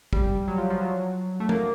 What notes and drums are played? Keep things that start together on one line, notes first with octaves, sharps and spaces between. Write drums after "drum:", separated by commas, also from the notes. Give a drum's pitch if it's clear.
G3, drum: kick
F#3
F3
F3
F#3
A3
A#3, drum: tom F3